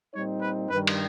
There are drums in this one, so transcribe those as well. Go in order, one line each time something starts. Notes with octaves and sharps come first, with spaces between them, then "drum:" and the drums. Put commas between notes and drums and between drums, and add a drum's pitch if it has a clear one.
A#2 G3 C4 D#4 C#5
B4
G2 D#3 G3 B4
drum: cymbal